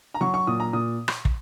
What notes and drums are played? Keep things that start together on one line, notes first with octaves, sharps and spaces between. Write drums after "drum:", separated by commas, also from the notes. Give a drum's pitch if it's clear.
A#5
F#3 C#6
C#6
A#2 D#6
A#5
A#2 D#6
drum: rim click
drum: kick